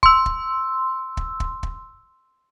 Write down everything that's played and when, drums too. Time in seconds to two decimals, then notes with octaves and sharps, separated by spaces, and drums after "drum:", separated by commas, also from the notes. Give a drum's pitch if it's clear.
0.03 C6 E6, drum: kick
0.26 drum: kick
1.17 drum: kick
1.40 drum: kick
1.63 drum: kick